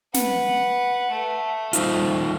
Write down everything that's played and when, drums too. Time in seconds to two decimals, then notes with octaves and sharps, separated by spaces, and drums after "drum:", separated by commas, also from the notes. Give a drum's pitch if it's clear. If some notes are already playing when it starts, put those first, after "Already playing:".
0.14 B4 F#5, drum: snare
1.11 A3
1.73 F3 G3 D#4 F4, drum: hi-hat